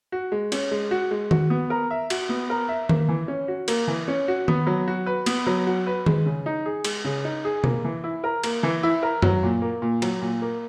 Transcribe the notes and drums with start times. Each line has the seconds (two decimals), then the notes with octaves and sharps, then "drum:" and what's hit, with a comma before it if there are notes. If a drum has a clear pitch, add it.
0.12 F#4
0.32 G#3
0.52 C#4, drum: cymbal
0.71 G#3
0.91 F#4
1.11 G#3
1.31 F#4, drum: tom D#3
1.50 B3
1.70 A#4
1.91 E5
2.10 F#4, drum: cymbal
2.29 B3
2.50 A#4
2.69 E5
2.89 A#3, drum: tom D#3
3.09 E3
3.28 C#4
3.48 F#4
3.68 A#3, drum: cymbal
3.88 E3
4.08 C#4
4.28 F#4
4.48 B3, drum: tom D#3
4.67 F#3
4.88 F#4
5.06 B4
5.26 B3, drum: cymbal
5.47 F#3
5.67 F#4
5.86 B4
6.06 G#3, drum: tom D#3
6.26 C#3
6.46 D#4
6.66 G#4
6.84 G#3, drum: cymbal
7.04 C#3
7.25 D#4
7.45 G#4
7.64 A#3, drum: tom B2
7.85 E3
8.04 E4
8.24 A#4
8.44 A#3, drum: cymbal
8.63 E3
8.83 E4
9.03 A#4
9.22 F#3, drum: tom F#2
9.43 A#2
9.62 A#3
9.82 A#2
10.02 F#3, drum: cymbal
10.22 A#2
10.42 A#3